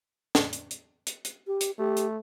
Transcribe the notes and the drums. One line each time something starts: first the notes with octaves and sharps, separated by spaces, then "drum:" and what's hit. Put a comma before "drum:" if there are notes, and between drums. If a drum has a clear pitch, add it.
drum: snare
drum: hi-hat
drum: hi-hat
drum: hi-hat
drum: hi-hat
G4
drum: hi-hat
A3 G4
drum: hi-hat